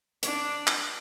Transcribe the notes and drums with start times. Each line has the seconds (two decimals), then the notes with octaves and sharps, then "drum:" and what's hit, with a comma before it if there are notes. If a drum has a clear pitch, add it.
0.23 D4, drum: hi-hat
0.67 drum: clap